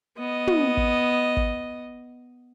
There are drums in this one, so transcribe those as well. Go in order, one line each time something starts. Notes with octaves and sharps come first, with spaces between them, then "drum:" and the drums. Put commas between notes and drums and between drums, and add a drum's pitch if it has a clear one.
B3 D#5
drum: tom
drum: kick
drum: kick